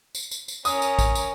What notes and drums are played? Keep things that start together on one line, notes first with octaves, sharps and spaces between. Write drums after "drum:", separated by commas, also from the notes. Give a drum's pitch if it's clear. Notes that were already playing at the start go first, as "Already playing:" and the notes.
drum: tambourine
drum: tambourine
drum: tambourine
C#4 A#4 D#6, drum: tambourine
drum: tambourine
drum: kick, tambourine
drum: tambourine